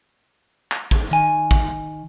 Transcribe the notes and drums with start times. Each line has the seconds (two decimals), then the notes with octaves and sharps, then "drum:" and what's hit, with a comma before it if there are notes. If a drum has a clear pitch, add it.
0.71 drum: clap
0.91 drum: kick
1.11 D#3 G#5
1.51 drum: kick